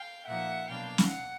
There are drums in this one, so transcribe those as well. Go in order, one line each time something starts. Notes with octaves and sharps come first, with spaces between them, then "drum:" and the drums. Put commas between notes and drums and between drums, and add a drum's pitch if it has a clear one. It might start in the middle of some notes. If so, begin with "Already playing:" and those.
Already playing: F5 G5
A#2 F3 A#3 D#4 E5 F#5
B2 F#3 A#3 D4 F5 G5
drum: snare
F#5